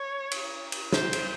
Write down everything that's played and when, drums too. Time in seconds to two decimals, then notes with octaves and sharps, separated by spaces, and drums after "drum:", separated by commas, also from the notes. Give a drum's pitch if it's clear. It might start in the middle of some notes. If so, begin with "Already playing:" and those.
Already playing: C#5
0.31 drum: cymbal
0.72 drum: cymbal
0.92 C5, drum: snare
1.13 drum: cymbal